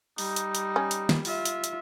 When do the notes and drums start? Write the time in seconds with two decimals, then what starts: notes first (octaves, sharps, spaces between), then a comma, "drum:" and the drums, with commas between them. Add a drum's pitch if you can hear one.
0.18 G3 D#4, drum: open hi-hat
0.36 drum: hi-hat
0.55 drum: hi-hat
0.76 C#4
0.91 drum: hi-hat
1.09 drum: snare
1.25 F4 E5, drum: open hi-hat
1.45 drum: hi-hat
1.64 drum: hi-hat